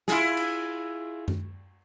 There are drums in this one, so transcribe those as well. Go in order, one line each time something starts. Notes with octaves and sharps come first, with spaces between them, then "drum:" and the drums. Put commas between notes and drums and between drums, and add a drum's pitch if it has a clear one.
E4 F4 G#4, drum: snare
drum: cymbal
drum: tom F#2